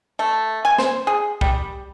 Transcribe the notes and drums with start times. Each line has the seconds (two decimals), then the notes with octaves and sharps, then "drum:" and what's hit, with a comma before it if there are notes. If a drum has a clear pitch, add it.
0.19 A3
0.65 G#5
0.78 C5, drum: snare
1.07 G#4
1.41 G3, drum: kick